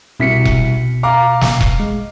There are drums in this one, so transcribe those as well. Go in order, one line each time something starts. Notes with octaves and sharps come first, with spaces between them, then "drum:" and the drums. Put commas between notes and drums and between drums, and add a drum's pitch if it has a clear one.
C2 B2 B6 C#7
drum: kick E1
F5 A#5 D6
drum: snare
drum: kick E1
G#3